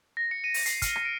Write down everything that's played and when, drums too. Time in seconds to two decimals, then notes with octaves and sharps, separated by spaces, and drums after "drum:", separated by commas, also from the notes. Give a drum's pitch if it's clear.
0.17 A#6
0.31 C#7
0.44 D#7
0.54 drum: open hi-hat
0.66 C7, drum: hi-hat
0.82 F6, drum: kick, hi-hat
0.96 drum: rim click
1.05 D7